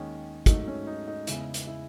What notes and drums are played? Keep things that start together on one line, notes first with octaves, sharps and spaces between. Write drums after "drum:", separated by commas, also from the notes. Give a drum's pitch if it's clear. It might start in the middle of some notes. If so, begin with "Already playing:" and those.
Already playing: D#2 D#3 G#3 C#4
G#2 F#3 A3 D#4, drum: kick, hi-hat
C#4
D#4
D#4
E2 C#3 G#3 E4, drum: hi-hat
drum: hi-hat
E4